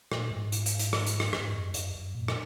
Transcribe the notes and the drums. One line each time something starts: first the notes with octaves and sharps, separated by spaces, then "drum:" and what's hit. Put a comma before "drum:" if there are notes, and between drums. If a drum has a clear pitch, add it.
A#2, drum: rim click
G#2
drum: hi-hat
drum: hi-hat
drum: hi-hat
drum: rim click
drum: hi-hat
drum: rim click
G#2, drum: rim click
F#2
F#2, drum: hi-hat
F#2
A#2
drum: rim click